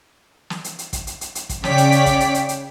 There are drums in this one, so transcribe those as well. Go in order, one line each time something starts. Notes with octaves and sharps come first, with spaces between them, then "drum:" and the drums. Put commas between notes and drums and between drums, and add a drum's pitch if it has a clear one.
drum: snare
drum: hi-hat
drum: hi-hat
drum: kick, hi-hat
drum: hi-hat
drum: hi-hat
drum: hi-hat
drum: kick, hi-hat
C#3 C#5 D5 G5 D6 B6, drum: snare
drum: hi-hat
drum: hi-hat
drum: kick, hi-hat
drum: hi-hat
drum: hi-hat
drum: hi-hat